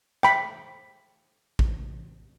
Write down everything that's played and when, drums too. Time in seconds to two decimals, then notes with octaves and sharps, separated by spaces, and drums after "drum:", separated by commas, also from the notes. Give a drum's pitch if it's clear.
0.23 G5 B5, drum: rim click
1.59 drum: kick A1